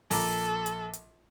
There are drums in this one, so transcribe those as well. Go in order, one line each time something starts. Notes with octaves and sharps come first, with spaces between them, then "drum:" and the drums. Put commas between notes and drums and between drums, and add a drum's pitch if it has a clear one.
A#1 A4 A#5 D6, drum: open hi-hat
drum: hi-hat
drum: hi-hat